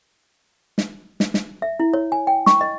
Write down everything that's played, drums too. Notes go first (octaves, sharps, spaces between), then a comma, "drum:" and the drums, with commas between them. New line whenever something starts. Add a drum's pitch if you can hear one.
drum: snare
drum: snare
drum: snare
E5
E4
C#5
G#5
G5
C#6, drum: snare
D#5